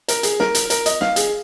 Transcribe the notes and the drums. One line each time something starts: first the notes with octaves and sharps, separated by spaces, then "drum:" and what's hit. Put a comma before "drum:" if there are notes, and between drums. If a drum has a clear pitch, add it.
A#4, drum: hi-hat
G#4, drum: hi-hat
A#4, drum: snare
drum: hi-hat
A#4, drum: hi-hat
D#5, drum: hi-hat
F5, drum: snare
G#4, drum: hi-hat